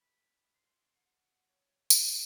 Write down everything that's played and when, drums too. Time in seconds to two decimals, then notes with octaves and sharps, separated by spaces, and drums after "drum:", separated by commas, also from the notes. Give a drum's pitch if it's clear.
0.01 B5
0.54 C6
0.94 F#5
1.49 C#5
1.90 F4, drum: tambourine